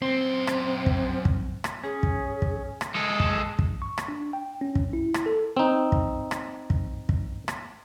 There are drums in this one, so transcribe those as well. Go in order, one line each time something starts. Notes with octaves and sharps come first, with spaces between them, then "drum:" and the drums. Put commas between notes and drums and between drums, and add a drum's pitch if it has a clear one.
F#2 C4 C6
drum: rim click
drum: kick
drum: kick
drum: rim click
C#4 G#4
drum: kick
drum: kick
drum: rim click
G#3 A4
drum: kick
drum: kick
C#6
drum: rim click
D4
G5
C#4
drum: kick
E4
drum: rim click
A4
C4 D#4
drum: kick
drum: rim click
drum: kick
drum: kick
drum: rim click